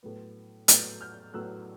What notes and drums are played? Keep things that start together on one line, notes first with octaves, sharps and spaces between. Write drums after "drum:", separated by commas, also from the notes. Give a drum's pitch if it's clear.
A2 F#3 B3
A2 F#3 B3 G6 A6, drum: hi-hat
F6 G6
A2 F#3 B3 E6 F#6